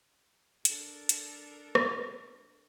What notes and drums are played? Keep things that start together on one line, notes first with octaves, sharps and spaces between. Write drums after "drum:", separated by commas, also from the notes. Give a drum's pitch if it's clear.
D4 A4 A#4, drum: hi-hat
drum: hi-hat
drum: rim click